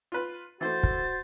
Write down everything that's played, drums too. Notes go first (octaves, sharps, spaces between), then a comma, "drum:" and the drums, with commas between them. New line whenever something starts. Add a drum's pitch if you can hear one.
F4 B4
E3 A3 F#4 C5 A6
drum: kick